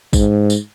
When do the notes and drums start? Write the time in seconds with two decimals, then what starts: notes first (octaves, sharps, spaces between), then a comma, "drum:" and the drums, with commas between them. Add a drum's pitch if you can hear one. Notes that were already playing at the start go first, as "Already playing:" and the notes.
0.13 G#2, drum: kick A1, tambourine
0.50 drum: tambourine